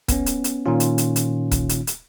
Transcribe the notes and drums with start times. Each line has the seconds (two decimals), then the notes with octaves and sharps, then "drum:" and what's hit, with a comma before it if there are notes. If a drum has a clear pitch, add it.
0.08 B3 C#4, drum: kick, hi-hat
0.26 drum: hi-hat
0.44 drum: hi-hat
0.66 A#2 D#3 C#4 F4
0.80 drum: hi-hat
0.98 drum: hi-hat
1.16 drum: hi-hat
1.51 drum: kick, hi-hat
1.69 drum: hi-hat
1.87 drum: hi-hat